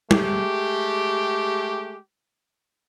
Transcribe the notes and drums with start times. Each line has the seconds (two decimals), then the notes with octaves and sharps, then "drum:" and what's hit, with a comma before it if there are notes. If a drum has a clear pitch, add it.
0.11 G#3 A3 G4, drum: tom